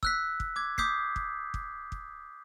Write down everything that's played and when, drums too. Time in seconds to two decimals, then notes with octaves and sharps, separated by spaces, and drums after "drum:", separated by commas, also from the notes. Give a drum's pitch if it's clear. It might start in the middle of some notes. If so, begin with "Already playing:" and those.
0.03 E6 F#6 B6, drum: kick
0.40 drum: kick
0.56 D6 G#6
0.78 D6 D#6 G6 B6 C7, drum: kick
1.16 drum: kick
1.54 drum: kick
1.92 drum: kick